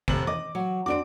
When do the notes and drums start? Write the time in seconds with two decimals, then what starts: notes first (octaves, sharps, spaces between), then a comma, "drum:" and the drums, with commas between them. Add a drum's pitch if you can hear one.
0.08 F1 C3 F#7, drum: kick
0.27 D#5 D6, drum: tom E3
0.55 F#3
0.86 C4 D4 F#4 D6 D7